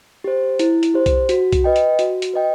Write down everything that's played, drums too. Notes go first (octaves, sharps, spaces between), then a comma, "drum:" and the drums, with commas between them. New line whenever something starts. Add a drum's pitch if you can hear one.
G4 C5
E4, drum: hi-hat
drum: hi-hat
G4 C5
drum: kick B1, hi-hat
F#4, drum: hi-hat
drum: kick B1, hi-hat
B4 D#5 G5
drum: hi-hat
F#4, drum: hi-hat
drum: hi-hat
B4 D#5 G5